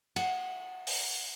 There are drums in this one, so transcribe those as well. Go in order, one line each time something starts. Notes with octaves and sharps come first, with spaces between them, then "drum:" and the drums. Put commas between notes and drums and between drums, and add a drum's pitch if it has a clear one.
F#5, drum: cymbal
drum: open hi-hat